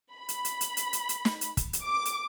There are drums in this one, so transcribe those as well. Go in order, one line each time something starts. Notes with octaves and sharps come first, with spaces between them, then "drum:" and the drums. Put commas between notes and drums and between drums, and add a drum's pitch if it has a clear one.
B5
drum: hi-hat
drum: hi-hat
drum: hi-hat
drum: hi-hat
drum: hi-hat
drum: hi-hat
drum: snare
drum: hi-hat
drum: kick, hi-hat
drum: hi-hat
D6
drum: hi-hat